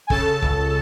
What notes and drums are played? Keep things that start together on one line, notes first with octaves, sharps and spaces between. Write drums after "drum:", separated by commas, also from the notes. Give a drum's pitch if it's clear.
G#5
C#3 A4 A5, drum: kick
C#2, drum: kick